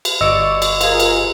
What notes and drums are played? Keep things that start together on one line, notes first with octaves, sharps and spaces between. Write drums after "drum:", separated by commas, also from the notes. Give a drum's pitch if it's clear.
drum: cymbal
G1 D5 D#5 C#6 E6
drum: cymbal
F4 G#4 A#4, drum: cymbal
drum: cymbal